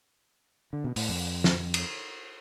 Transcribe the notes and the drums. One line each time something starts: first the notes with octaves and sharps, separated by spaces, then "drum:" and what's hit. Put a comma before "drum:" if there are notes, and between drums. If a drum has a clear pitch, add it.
D3
B2
A2, drum: open hi-hat
F2
drum: snare
drum: cymbal